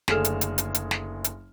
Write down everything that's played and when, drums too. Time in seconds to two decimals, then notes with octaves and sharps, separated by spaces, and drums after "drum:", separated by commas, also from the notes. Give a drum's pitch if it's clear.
0.08 F#1 D3 A3 G#4 F6 E7, drum: snare
0.25 drum: hi-hat
0.41 drum: hi-hat
0.58 drum: hi-hat
0.74 drum: hi-hat
0.91 drum: snare
1.24 drum: hi-hat